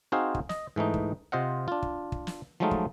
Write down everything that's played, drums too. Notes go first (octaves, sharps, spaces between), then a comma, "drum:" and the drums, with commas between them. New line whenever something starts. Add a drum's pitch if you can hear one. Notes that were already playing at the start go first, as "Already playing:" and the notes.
C4 D#4 F#4 G#4 C5 F5
drum: kick
D#5, drum: snare
G#2 E3 A3 D#4
drum: kick
C3 F4 C5 D#5 F5 F#5
D4 F4
drum: kick
drum: kick
drum: snare
F3 F#3 G#3 A3 D#4 F4
drum: kick